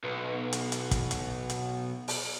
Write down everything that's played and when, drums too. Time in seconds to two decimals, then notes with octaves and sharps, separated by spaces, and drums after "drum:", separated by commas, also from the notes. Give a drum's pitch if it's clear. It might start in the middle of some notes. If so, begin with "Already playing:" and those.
0.04 B1 B4
0.33 B3
0.53 drum: hi-hat
0.72 drum: hi-hat
0.91 drum: kick, hi-hat
1.11 drum: hi-hat
1.50 drum: hi-hat
2.08 drum: open hi-hat